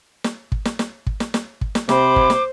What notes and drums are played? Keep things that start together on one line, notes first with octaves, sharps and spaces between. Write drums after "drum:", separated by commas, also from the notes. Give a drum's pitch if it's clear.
drum: snare
drum: kick
drum: snare
drum: snare
drum: kick
drum: snare
drum: snare
drum: kick
drum: snare
C3 C5 B5 D6, drum: snare
drum: kick
drum: snare